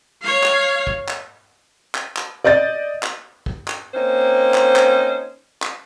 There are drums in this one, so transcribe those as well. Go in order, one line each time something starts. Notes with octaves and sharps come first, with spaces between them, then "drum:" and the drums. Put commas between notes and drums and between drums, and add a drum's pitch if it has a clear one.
C#5 F5
drum: clap
drum: kick
drum: clap
drum: clap
drum: clap
D5 D#5 G6 A6
drum: clap
drum: kick
drum: clap
A#3 C4 C#4 D#4 C5
drum: clap
drum: clap
drum: clap